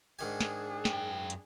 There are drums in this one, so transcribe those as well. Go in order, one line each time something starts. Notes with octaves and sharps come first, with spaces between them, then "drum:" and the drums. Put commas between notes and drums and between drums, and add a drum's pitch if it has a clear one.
G#2 D#3 D4 G#4 G#5
drum: snare
F#2 G5, drum: snare
drum: hi-hat